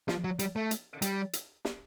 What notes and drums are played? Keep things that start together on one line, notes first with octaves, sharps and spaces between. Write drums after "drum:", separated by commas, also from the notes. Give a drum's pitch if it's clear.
F3, drum: snare
F#3
G3, drum: hi-hat
A3
drum: hi-hat
G3, drum: hi-hat
drum: hi-hat
drum: snare